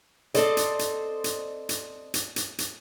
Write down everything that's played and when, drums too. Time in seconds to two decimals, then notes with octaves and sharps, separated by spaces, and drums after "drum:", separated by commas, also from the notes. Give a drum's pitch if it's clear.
0.34 C4 A4 C5 D5 D#5, drum: hi-hat
0.57 drum: hi-hat
0.79 drum: hi-hat
1.24 drum: hi-hat
1.69 drum: hi-hat
2.14 drum: hi-hat
2.36 drum: hi-hat
2.58 drum: hi-hat